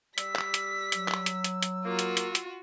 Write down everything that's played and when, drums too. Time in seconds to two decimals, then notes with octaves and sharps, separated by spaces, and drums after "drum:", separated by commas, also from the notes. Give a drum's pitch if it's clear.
0.18 G3 E6 B6, drum: hi-hat
0.36 drum: clap
0.54 drum: hi-hat
0.92 F#3, drum: hi-hat
1.08 drum: clap
1.26 drum: hi-hat
1.44 drum: hi-hat
1.63 drum: hi-hat
1.85 A#3 F4 F#4
1.99 drum: hi-hat
2.17 drum: hi-hat
2.35 drum: hi-hat